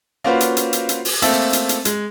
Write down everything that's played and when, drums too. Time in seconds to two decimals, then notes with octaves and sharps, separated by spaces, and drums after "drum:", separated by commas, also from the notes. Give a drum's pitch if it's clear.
0.24 A#3 C#4 F4 F#4 B4 C5
0.41 drum: hi-hat
0.57 drum: hi-hat
0.73 drum: hi-hat
0.89 drum: hi-hat
1.05 drum: open hi-hat
1.22 A3 A#3 C4 A4 E5, drum: hi-hat
1.53 drum: hi-hat
1.69 drum: hi-hat
1.85 G#3, drum: hi-hat